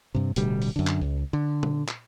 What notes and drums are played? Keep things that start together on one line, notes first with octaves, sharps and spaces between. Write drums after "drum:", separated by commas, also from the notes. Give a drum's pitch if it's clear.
G2 C3
D1 D2 B2 G3, drum: hi-hat
drum: open hi-hat
F#2 D3
drum: clap
C#2
D3
drum: tom A#2
drum: clap